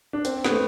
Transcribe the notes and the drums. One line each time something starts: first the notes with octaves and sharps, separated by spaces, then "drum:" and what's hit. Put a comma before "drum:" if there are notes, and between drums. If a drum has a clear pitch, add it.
D4
C4, drum: hi-hat
B3, drum: snare
A3